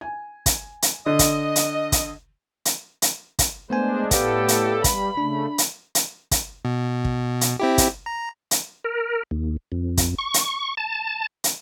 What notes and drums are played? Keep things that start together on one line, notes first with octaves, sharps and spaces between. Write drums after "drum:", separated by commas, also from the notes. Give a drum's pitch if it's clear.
G#5
drum: kick, hi-hat
drum: hi-hat
D3 D#5
drum: kick, hi-hat
drum: hi-hat
drum: kick, hi-hat
drum: hi-hat
drum: hi-hat
drum: kick, hi-hat
G#3 A3 B3 D4 C5 G#5
A2 B3 G4 A4 B4 D5 F5, drum: kick, hi-hat
drum: hi-hat
G3 B5, drum: kick, hi-hat
C#3 A3 D4
drum: hi-hat
drum: hi-hat
drum: kick, hi-hat
B2
drum: kick
drum: hi-hat
C4 E4 G4
drum: kick, hi-hat
A#5
drum: hi-hat
A#4
D#2
F2
drum: kick, hi-hat
C#6
drum: hi-hat
A5
drum: hi-hat